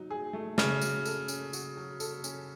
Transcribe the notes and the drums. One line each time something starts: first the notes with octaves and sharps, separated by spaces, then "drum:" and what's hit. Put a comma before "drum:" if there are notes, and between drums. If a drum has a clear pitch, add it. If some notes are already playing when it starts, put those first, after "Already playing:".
Already playing: F#3 D#4
G#4
A3
C#3 F#4, drum: snare
F#3, drum: tambourine
A4, drum: tambourine
C#4, drum: tambourine
F#4, drum: tambourine
F#3
A4, drum: tambourine
C#4, drum: tambourine